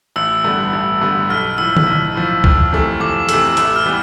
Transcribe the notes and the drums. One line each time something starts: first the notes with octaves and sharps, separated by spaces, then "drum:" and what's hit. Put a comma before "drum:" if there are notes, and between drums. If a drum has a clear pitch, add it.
A1 E6
G2 D3 G3 B3
A1
G2 D3 G3 B3
B1 F6
A2 F3 E6
drum: tom D3
B1
A2 F3
F2, drum: kick C2
C3 E3 A3
F2 D6
C3 E3 A3 E6, drum: hi-hat
A1 E6, drum: hi-hat
F6
A2 E3 G3 B3